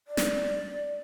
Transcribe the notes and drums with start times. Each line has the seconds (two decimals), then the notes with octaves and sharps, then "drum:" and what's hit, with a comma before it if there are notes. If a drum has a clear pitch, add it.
0.08 D5
0.17 drum: snare